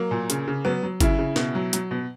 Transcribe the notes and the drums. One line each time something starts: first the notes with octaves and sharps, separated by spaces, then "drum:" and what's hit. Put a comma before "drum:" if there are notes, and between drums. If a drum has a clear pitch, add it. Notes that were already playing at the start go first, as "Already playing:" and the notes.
Already playing: F#3 A#3
A#2
C#3, drum: hi-hat
C#3
F#3 B3
F#3
C#3 E4, drum: kick G1, hi-hat
C#3
B2, drum: snare
F#3
F#3, drum: hi-hat
B2